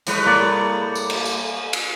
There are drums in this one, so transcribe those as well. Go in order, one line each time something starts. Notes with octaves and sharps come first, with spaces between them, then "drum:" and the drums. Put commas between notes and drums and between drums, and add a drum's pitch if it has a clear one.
A2 G3 B4, drum: hi-hat
A#3 D5
drum: tambourine
drum: cymbal
drum: tambourine
drum: cymbal